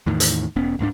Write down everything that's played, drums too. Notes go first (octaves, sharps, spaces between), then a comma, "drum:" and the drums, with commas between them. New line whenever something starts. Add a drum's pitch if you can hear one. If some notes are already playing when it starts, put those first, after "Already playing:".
E2 A2 D#3
drum: hi-hat
E1 B3 C#4
D1 G#2 A3 D4